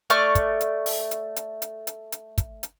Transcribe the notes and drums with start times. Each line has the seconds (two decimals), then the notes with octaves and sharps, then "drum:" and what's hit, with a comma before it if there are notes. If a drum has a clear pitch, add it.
0.10 A3 D5 C#6 F6, drum: hi-hat
0.35 drum: kick, hi-hat
0.61 drum: hi-hat
0.86 drum: open hi-hat
1.11 drum: hi-hat
1.36 drum: hi-hat
1.62 drum: hi-hat
1.87 drum: hi-hat
2.12 drum: hi-hat
2.38 drum: kick, hi-hat
2.63 drum: hi-hat